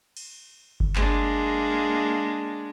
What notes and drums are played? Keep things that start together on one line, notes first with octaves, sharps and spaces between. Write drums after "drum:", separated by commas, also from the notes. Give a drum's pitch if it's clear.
drum: cymbal
drum: kick G1
G#3 A#3 D4, drum: clap